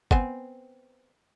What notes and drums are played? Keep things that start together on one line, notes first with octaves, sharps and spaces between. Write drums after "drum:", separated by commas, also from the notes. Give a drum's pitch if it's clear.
B3 C4 G#5, drum: kick